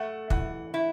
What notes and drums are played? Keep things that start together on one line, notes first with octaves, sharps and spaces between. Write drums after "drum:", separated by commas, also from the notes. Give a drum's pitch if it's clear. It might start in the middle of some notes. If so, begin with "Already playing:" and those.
Already playing: A3 F#5
E3 F#5, drum: kick
E4